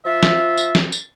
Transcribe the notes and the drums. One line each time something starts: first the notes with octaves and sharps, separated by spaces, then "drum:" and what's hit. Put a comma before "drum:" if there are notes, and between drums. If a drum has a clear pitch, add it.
F3 F4 E5
drum: snare
drum: tambourine
drum: snare
drum: tambourine